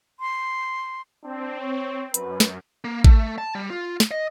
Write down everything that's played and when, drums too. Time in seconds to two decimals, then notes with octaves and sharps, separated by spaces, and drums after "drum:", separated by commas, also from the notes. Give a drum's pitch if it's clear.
0.19 C6
1.23 C4 D4
1.60 C#5
2.14 F#2 B4, drum: hi-hat
2.40 drum: snare
2.84 A#3
3.04 A3, drum: kick A1
3.38 A5
3.55 G3
3.70 F4
4.00 drum: snare
4.11 D#5